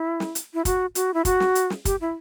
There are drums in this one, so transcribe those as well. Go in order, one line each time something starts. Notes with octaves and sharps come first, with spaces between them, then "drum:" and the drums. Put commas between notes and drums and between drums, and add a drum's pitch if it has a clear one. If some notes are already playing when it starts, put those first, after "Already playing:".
Already playing: E4
drum: snare
drum: hi-hat
E4
F#4, drum: kick, hi-hat
F#4, drum: hi-hat
E4
F#4, drum: kick, hi-hat
drum: snare
drum: hi-hat
drum: snare
G4, drum: kick, hi-hat
E4